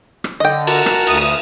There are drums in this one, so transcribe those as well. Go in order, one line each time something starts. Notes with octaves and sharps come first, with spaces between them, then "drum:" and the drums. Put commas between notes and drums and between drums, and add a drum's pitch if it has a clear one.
drum: rim click
D3 D#5 G5
F#4 A#4 A5, drum: cymbal
drum: rim click
D2 D#6, drum: cymbal